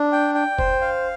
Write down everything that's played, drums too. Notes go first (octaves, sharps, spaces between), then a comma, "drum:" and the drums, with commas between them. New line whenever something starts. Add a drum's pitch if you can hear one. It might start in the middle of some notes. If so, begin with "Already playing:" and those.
Already playing: D4
G5
G5
C5, drum: kick F1
F5